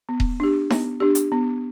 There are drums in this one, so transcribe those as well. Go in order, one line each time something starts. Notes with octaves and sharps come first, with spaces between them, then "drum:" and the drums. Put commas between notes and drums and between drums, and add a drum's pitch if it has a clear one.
B3
drum: kick D#1
D4 G4
B3, drum: snare D#4
D4 G4
drum: hi-hat
B3